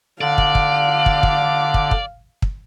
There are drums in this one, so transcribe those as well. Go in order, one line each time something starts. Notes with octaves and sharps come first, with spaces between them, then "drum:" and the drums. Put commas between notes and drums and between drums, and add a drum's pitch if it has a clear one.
D3 D5 F5
drum: kick
drum: kick
drum: kick
drum: kick
drum: kick
drum: kick
drum: kick